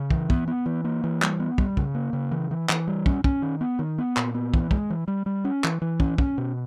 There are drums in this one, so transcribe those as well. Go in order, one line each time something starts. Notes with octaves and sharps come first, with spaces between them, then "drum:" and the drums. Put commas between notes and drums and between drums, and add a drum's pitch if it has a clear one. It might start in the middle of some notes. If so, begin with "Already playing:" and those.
Already playing: C#3
E3, drum: kick
B3, drum: kick
B3
E3
A#3
E3
G3, drum: clap
B3
G3, drum: kick
C#3, drum: kick
A#3
C#3
E3
E3
E3, drum: clap
G3
C#4, drum: kick
C#4, drum: kick
D#3
B3
D#3
B3
A#2, drum: clap
B3
E3, drum: kick
G#3, drum: kick
E3
G3
G3
C#4
E3, drum: clap
E3
C#4, drum: kick
C#4, drum: kick
B2